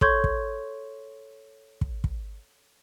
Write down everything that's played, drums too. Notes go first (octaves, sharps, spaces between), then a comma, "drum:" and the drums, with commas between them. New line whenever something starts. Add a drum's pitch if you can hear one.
A4 C#5 C6 C#6 G6 G#6, drum: kick
drum: kick
drum: kick
drum: kick